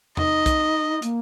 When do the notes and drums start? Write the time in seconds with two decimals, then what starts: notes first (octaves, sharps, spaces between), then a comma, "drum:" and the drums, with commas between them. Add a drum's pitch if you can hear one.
0.17 D#4 D#5, drum: tom E2
0.46 drum: kick, hi-hat
1.02 A#3, drum: hi-hat